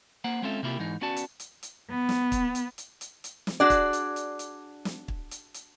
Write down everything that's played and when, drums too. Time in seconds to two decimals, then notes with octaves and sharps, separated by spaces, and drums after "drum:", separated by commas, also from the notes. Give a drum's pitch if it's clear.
0.24 A#3 C5 F#5
0.42 G#3 C4 C#4 F4 A4 E5
0.63 C3 A#3 E4 F4 G4
0.79 G#2 E3 D#4
1.01 B3 C#4 F#4 D5 A5
1.17 drum: hi-hat
1.40 drum: hi-hat
1.63 drum: hi-hat
1.90 B3
2.09 drum: snare
2.32 drum: kick, hi-hat
2.55 drum: hi-hat
2.78 drum: hi-hat
3.01 drum: hi-hat
3.24 drum: hi-hat
3.47 drum: snare
3.60 D4 F#4 G#4 D5
3.70 drum: kick, hi-hat
3.93 drum: hi-hat
4.16 drum: hi-hat
4.39 drum: hi-hat
4.85 drum: snare
5.08 drum: kick
5.31 drum: hi-hat
5.54 drum: hi-hat